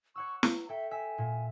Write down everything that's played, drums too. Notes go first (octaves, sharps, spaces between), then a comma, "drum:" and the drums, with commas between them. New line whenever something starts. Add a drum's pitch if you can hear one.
C#5 F#5 C#6 E6
A#5, drum: snare
A4 E5 G5
E5 G#5
A#2